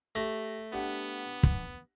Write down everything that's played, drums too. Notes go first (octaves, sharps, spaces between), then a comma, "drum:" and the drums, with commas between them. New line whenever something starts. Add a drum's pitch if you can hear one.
A3 G4 A#6
B3 D4 G4 F#5
drum: kick